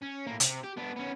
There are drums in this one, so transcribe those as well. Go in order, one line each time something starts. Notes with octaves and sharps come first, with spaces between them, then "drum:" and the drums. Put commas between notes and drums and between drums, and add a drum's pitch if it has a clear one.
C#4
A2 A#3
C3, drum: hi-hat
G4
B3 D4
B3 C#4